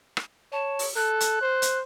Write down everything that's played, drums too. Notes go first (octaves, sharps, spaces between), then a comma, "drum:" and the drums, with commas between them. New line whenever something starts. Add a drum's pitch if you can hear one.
drum: rim click
C#5 A5
drum: open hi-hat
A4 F#6
drum: hi-hat
C5
drum: hi-hat